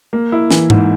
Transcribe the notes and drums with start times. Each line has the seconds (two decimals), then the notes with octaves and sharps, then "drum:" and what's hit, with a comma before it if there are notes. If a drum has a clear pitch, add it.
0.13 A#3
0.32 E4
0.51 E3, drum: snare
0.70 G#2, drum: tom